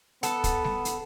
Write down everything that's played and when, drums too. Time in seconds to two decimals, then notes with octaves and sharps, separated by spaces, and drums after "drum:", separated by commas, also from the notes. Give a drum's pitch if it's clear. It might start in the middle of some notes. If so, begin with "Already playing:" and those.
0.23 B3 A4 F#5 A5, drum: hi-hat
0.44 drum: kick, hi-hat
0.64 drum: snare G3
0.85 drum: hi-hat